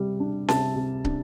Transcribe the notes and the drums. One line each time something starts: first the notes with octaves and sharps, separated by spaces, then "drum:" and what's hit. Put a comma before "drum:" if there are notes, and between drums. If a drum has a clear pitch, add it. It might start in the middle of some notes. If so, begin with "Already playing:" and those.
Already playing: C3 G3
D4
C3 A5, drum: snare C#4
C3
D4, drum: kick